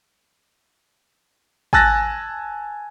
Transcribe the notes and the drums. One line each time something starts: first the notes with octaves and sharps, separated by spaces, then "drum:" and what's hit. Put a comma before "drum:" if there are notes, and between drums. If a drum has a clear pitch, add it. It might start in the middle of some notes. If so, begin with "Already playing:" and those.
G#5 A5 E6 F#6 A6 A#6, drum: kick G#1